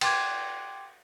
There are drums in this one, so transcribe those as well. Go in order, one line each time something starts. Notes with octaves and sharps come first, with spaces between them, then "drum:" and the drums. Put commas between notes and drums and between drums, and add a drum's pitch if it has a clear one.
G5 C6 D6 G#6, drum: cymbal